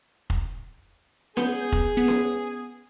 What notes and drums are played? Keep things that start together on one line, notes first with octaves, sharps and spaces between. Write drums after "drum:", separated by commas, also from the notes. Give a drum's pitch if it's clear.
drum: kick F1
B3 G#4 G6, drum: snare C#4
drum: kick F1
B3
drum: snare C#4